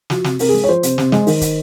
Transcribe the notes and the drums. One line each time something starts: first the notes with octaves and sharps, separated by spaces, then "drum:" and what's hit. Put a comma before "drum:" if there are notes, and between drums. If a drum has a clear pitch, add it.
F3 F#4, drum: snare
C3, drum: snare
C3 A#4, drum: open hi-hat
G#3 G#4
C#5
F3 C5
C3, drum: hi-hat
C3, drum: snare
G#3, drum: snare
D#3, drum: open hi-hat
drum: kick, hi-hat